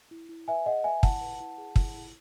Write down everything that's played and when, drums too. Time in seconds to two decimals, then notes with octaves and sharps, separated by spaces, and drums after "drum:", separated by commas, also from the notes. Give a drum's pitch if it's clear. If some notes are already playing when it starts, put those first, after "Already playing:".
0.11 E4
0.29 E4
0.48 B4 E5 G#5
0.66 G#4 D#5 F#5
0.84 B4 E5 G#5
1.03 E4 F#5 A5, drum: kick
1.21 B4
1.40 E4
1.58 G#4
1.76 E4, drum: kick
1.94 E4